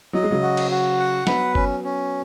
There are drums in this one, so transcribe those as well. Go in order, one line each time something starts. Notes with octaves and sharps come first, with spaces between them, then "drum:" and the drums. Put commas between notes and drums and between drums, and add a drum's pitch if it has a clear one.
F#3 D#5
G#3
C#3 F#3
F#4
drum: cymbal
F#4
F#5
F#3 B3 B4, drum: snare
C#4, drum: kick G1
C#4